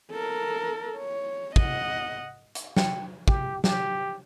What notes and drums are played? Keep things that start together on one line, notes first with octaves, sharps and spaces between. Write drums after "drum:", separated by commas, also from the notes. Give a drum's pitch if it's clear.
A4 A#4
C#5
D#5 F#5, drum: kick
drum: hi-hat
G5, drum: snare
G4, drum: kick
G4, drum: snare